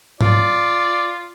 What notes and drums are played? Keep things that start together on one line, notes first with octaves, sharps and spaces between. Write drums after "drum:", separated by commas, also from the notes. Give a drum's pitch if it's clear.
F4 D5, drum: tom G#2